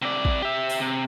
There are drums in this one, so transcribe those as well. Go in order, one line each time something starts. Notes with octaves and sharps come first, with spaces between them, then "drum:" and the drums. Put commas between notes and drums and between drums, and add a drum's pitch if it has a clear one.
C3 D5
drum: kick
G4 E5
drum: open hi-hat
C3